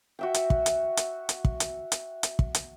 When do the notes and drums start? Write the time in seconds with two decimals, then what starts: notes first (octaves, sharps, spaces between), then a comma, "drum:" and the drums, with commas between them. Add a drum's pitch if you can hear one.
0.19 F#4 E5 G5
0.34 drum: hi-hat
0.50 drum: kick
0.66 drum: hi-hat
0.97 drum: hi-hat
1.29 drum: hi-hat
1.45 drum: kick
1.60 drum: hi-hat
1.92 drum: hi-hat
2.23 drum: hi-hat
2.39 drum: kick
2.55 drum: hi-hat